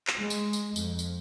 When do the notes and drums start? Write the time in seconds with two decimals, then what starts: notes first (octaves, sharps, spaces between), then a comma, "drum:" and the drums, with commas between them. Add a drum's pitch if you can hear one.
0.07 drum: clap
0.17 G#3
0.30 drum: tambourine
0.53 drum: tambourine
0.76 F2, drum: tambourine
0.99 drum: tambourine